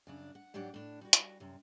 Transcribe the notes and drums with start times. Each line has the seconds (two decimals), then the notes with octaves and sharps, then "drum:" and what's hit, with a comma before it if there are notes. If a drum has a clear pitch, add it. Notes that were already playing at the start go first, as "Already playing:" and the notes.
0.07 F#2 C#3 D4
0.35 F#5
0.54 G#2 F#3 D4 G4 D5 F#5
0.74 A2 D4
1.01 G3 F#4
1.13 drum: hi-hat
1.40 F#2 C3